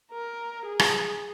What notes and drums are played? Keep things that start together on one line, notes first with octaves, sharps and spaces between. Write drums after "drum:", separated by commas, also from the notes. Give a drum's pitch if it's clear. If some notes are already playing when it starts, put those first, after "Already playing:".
A#4
G#4
drum: rim click